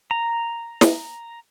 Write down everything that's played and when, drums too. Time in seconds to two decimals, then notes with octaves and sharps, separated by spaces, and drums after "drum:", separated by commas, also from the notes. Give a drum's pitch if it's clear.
0.11 A#5
0.81 drum: snare